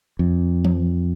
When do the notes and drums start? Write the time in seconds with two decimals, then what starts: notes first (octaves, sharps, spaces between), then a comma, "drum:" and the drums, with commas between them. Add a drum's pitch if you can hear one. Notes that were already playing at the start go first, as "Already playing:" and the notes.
0.19 F2
0.65 drum: tom E3